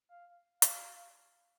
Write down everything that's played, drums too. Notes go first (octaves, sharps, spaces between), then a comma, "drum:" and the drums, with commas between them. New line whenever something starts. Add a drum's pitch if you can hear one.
F5
F5, drum: hi-hat